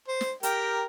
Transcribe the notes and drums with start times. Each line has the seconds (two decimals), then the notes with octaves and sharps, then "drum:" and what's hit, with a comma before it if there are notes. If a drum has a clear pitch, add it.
0.08 C5
0.21 drum: snare
0.43 G4 A#4 G5, drum: hi-hat